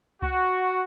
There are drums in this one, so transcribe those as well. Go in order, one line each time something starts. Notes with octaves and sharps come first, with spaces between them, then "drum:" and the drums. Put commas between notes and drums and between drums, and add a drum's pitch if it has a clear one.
F#4, drum: kick C2